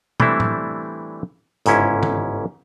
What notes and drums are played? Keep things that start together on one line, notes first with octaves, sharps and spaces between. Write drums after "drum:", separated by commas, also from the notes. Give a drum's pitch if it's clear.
E3 G3 A3 C4 D4 E4, drum: tom
drum: tom
G1 G#2 C#3 C#4 E4, drum: hi-hat
drum: tom